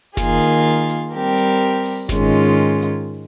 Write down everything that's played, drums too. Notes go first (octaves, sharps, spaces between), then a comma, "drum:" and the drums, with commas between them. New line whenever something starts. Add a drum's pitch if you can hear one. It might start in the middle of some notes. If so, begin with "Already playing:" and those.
D#3 A#3 F4 G#4, drum: snare F#1
drum: hi-hat
drum: hi-hat
G3 C4 G4 A#4
drum: hi-hat
drum: open hi-hat
G#2 D#3 G#3 C#4 F4, drum: snare F#1
drum: hi-hat